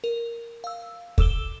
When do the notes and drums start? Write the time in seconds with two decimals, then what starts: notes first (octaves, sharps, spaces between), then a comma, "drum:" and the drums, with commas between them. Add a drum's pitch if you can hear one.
0.04 A#4
0.64 F5 E6
1.18 A4 D6 E6 E7 G7, drum: kick